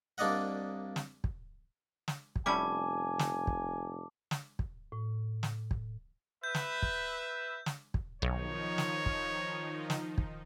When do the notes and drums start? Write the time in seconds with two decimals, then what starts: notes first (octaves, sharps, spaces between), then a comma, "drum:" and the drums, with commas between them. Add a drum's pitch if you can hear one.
0.18 C2 A#3 D4 D5 D#5 F#5
0.96 drum: snare
1.24 drum: kick
2.08 drum: snare
2.36 drum: kick
2.46 F1 G3 C#4 E4 G#5 A5 D6
3.19 drum: snare
3.47 drum: kick
4.31 drum: snare
4.59 drum: kick
4.92 A2
5.43 drum: snare
5.71 drum: kick
6.44 B4 E5 G6
6.55 drum: snare
6.82 drum: kick
7.66 drum: snare
7.94 drum: kick
8.22 B1 D#3 F3 D#4 C#5
8.78 drum: snare
9.06 drum: kick
9.90 drum: snare
10.18 drum: kick